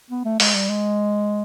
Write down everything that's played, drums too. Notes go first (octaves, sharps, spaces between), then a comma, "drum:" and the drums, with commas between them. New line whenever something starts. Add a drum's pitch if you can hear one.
B3
A3
G#3, drum: open hi-hat
G3
G#3